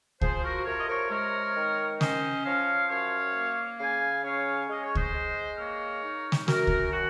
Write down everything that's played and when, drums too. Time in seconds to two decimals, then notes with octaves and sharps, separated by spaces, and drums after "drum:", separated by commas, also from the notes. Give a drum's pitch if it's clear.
0.21 F3 G#4 C5, drum: kick C#2
0.44 F#4 A#4
0.66 C3 A#4 C#5
0.79 D#5
0.89 A#4 C#5
1.11 G#3 A#4 C#5
1.56 D#3
2.01 C#4 C5 D#5, drum: snare
2.45 F3 C#5 F5
2.90 F#2 C#5 F5
3.35 A#3
3.80 C#3 F5 G#5
4.24 C#4 C#5 F5
4.69 G#3 D#5
4.82 C#5
4.95 C5 D#5, drum: kick C#2
5.14 G#3
5.58 A#3 A#4 C#5
6.03 D#4
6.32 drum: snare
6.48 F#2 F#4 A#4, drum: snare
6.67 drum: kick C#2
6.92 D#3 F#4